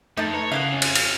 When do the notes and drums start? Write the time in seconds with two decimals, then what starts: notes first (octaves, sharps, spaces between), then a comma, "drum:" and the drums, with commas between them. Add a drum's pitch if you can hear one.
0.17 F2 A3 D#4 A4
0.34 B4 C#5 A#5
0.52 C#3 E3 B3 E4 F5
0.73 F2 C#4
0.82 drum: cymbal
0.95 F6, drum: cymbal